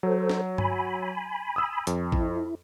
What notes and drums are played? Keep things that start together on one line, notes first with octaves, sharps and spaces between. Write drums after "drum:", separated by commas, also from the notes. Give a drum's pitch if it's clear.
F#3 A4 C5
drum: snare
G#5 B5, drum: tom G2
D#6 E6
F2, drum: hi-hat
E4, drum: kick A1